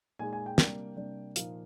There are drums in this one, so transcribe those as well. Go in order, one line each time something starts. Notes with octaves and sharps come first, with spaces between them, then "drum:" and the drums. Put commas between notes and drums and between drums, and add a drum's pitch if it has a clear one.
A#2 G#3 D#4 G#5
G#5
G5
C3 G3 A#3 D4, drum: snare
C3 G3 A#3 D4
A#2 F3 A#3 D#4 F5, drum: hi-hat